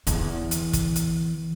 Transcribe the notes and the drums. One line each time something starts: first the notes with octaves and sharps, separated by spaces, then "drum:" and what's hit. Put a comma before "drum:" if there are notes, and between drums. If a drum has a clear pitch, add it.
E2 E3, drum: hi-hat
drum: hi-hat
drum: kick, hi-hat
drum: hi-hat